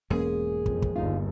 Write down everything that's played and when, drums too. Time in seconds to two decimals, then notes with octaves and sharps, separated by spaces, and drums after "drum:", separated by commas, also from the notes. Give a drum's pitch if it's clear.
0.10 E1 E2 G#2 G#3 A#3 C#4 G#4
0.66 F2, drum: kick
0.82 drum: kick
0.96 G1 D#2 G3 D#4 F4